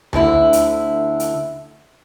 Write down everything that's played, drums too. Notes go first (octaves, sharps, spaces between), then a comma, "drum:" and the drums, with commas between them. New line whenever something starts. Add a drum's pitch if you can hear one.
D2 D3 E4, drum: tom D2
drum: hi-hat
drum: hi-hat